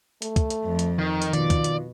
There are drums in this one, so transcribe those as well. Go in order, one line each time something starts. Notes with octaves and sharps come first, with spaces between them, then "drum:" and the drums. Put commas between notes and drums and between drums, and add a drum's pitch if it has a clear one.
A3, drum: hi-hat
drum: kick, hi-hat
drum: hi-hat
F2
drum: hi-hat
D#3
drum: hi-hat
B2 D#3 F4 D5, drum: hi-hat
drum: kick, hi-hat
drum: hi-hat